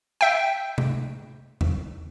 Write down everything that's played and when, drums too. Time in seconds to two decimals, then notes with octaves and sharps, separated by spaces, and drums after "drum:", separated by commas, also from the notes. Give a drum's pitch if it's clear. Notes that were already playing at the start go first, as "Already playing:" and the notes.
0.21 E5 G5
0.78 drum: tom C3
1.61 drum: tom E2